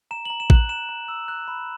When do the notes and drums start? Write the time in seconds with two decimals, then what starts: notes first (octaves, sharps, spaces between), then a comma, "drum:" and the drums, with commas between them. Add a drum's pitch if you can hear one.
0.11 A#5 E7
0.25 F#7
0.30 A#5
0.40 E7
0.50 F#6 F#7, drum: kick A1
0.69 A#5 E7
0.89 A#5
1.08 E6
1.28 F#6
1.48 B5